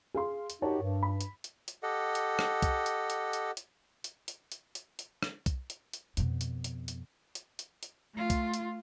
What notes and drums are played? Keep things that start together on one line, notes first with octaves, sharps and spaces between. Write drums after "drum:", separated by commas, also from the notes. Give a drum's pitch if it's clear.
G#4 F5 C6
drum: hi-hat
D#4 F#4 G4 A#4 C#5 A5
G2
B5
drum: hi-hat
drum: hi-hat
drum: hi-hat
G4 A4 D#5 F#5
drum: hi-hat
drum: rim click
drum: kick, hi-hat
drum: hi-hat
drum: hi-hat
drum: hi-hat
drum: hi-hat
drum: hi-hat
drum: hi-hat
drum: hi-hat
drum: hi-hat
drum: hi-hat
drum: rim click
drum: kick, hi-hat
drum: hi-hat
drum: hi-hat
F2 B2, drum: hi-hat
drum: hi-hat
drum: hi-hat
drum: hi-hat
drum: hi-hat
drum: hi-hat
drum: hi-hat
A3 F4
drum: kick, hi-hat
drum: hi-hat